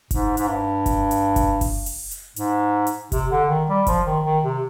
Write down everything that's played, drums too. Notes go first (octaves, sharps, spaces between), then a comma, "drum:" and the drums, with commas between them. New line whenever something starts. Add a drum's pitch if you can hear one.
G#2, drum: kick F#1, hi-hat
G#2, drum: hi-hat
G2
drum: kick F#1, hi-hat
drum: hi-hat
drum: kick F#1, hi-hat
drum: kick F#1, open hi-hat
drum: open hi-hat
drum: hi-hat
G#2, drum: hi-hat
drum: hi-hat
C3, drum: kick F#1, hi-hat
D3
D#3
G3
F3, drum: kick F#1, hi-hat
D#3
D#3
C3